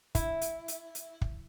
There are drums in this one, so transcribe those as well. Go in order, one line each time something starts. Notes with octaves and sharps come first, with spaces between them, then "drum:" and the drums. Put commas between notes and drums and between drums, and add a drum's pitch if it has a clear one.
E4, drum: kick, hi-hat
drum: hi-hat
drum: hi-hat
drum: hi-hat
drum: kick